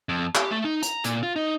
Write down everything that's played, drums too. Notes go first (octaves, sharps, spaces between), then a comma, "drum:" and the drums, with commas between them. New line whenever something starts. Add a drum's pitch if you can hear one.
F2
G4, drum: clap
A3
D#4
A#5, drum: hi-hat
A#2, drum: hi-hat
F4
D#4